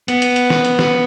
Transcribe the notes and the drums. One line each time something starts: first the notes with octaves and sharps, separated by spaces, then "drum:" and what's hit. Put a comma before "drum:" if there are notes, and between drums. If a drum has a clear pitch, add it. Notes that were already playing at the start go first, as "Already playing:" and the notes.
B3, drum: hi-hat
drum: hi-hat
drum: hi-hat
drum: snare
drum: hi-hat
drum: snare